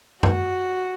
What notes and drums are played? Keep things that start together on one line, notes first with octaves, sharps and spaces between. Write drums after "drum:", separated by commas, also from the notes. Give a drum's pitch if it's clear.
F#4, drum: tom F#2